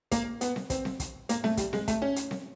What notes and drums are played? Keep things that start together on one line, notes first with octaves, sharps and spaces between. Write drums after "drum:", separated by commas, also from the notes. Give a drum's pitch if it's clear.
A#3, drum: kick, hi-hat
B3, drum: hi-hat
drum: snare C4
C4, drum: kick, hi-hat
drum: snare C4
drum: kick, hi-hat
A#3, drum: hi-hat
A3, drum: snare C4
G3, drum: kick, hi-hat
G#3, drum: snare C4
A3, drum: kick, hi-hat
C#4
drum: hi-hat
drum: snare C4